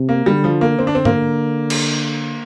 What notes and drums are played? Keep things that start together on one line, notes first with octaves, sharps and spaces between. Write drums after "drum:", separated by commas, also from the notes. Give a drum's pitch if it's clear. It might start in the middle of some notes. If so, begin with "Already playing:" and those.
Already playing: C3
A#3
D3 G3
F3
A#3
D3 C4
D4
C4
A#3, drum: tom
drum: cymbal